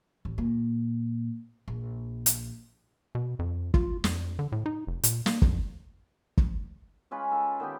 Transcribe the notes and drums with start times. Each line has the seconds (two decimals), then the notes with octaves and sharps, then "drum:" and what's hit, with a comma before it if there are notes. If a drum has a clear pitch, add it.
0.25 A1
0.38 A#2
1.68 A#1
2.26 drum: hi-hat
3.15 B2
3.39 F2
3.74 F4, drum: kick
4.04 F2, drum: snare
4.39 D3
4.52 A2
4.66 D#4
4.87 F1
5.03 A#2, drum: hi-hat
5.26 A#3, drum: snare
5.42 F2, drum: kick
6.38 drum: kick
7.11 G#3 C#4 F4 B4
7.31 F4 A4
7.60 D#3 B3 G4